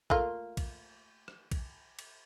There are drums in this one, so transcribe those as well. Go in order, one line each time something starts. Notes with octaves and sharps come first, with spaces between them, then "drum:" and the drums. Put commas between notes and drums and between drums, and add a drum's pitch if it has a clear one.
A3 A#3 F4, drum: kick B1
drum: kick B1, cymbal
drum: rim click
drum: kick B1, cymbal
drum: cymbal